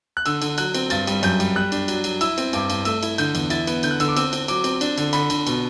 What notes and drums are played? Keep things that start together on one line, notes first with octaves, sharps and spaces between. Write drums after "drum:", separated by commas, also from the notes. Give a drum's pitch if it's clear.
F#6
D3 E6, drum: cymbal
D3, drum: cymbal
F#3 F#6, drum: cymbal
C4, drum: cymbal
G2 A6, drum: cymbal
G3, drum: cymbal
F#2 G6, drum: cymbal
G3, drum: cymbal
G3 F#6
D4, drum: cymbal
F#3, drum: cymbal
F#3, drum: cymbal
E4 E6, drum: cymbal
C4, drum: cymbal
G2 D6, drum: cymbal
G2, drum: cymbal
A3 E6, drum: cymbal
E4, drum: cymbal
D3 G6, drum: cymbal
E2, drum: cymbal
E4 A6, drum: cymbal
B3, drum: cymbal
D3 G6, drum: cymbal
F#6
D3 E6, drum: cymbal
D6
C4 E6, drum: cymbal
C4, drum: cymbal
F#3 D6, drum: cymbal
C4, drum: cymbal
D4, drum: cymbal
D3, drum: cymbal
D3 B5, drum: cymbal
D3, drum: cymbal
B2, drum: cymbal